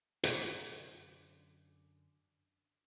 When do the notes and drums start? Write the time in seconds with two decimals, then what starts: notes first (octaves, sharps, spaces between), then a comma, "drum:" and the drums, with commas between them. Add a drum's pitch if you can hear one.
0.24 F#2 D3, drum: hi-hat